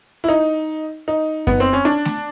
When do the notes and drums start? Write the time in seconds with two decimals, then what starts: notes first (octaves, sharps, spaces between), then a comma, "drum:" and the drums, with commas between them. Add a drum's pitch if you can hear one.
0.24 E4
0.28 D#4
1.08 D#4
1.47 B3, drum: kick F#2
1.60 C4
1.73 C#4
1.85 D4
2.05 drum: snare A3